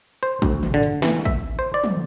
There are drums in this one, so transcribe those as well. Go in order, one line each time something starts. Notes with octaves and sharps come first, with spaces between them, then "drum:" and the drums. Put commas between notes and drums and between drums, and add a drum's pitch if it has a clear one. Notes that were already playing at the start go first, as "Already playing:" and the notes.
C5
D2, drum: kick, hi-hat
drum: tom
D3
drum: hi-hat
E3, drum: snare
E5, drum: kick, hi-hat
C5
D5
drum: tom